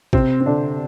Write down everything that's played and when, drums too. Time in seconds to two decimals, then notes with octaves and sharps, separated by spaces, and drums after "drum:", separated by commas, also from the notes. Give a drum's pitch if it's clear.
0.13 C3 C4, drum: kick
0.40 C4
0.46 D3 D4